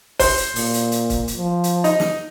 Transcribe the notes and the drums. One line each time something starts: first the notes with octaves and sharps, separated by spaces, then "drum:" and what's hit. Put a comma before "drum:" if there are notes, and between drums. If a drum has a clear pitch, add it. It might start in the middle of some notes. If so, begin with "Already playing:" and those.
C5, drum: kick C#1, open hi-hat
drum: hi-hat
A#2, drum: open hi-hat
drum: hi-hat
drum: hi-hat
drum: kick C#1, hi-hat
drum: hi-hat
F3
drum: hi-hat
D#4, drum: hi-hat
drum: snare